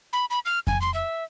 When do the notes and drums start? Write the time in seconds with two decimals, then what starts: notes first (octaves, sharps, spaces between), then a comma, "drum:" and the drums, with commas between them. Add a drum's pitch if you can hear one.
0.13 B5
0.30 B5
0.45 F6
0.67 G#5, drum: kick F2
0.81 C6
0.94 E5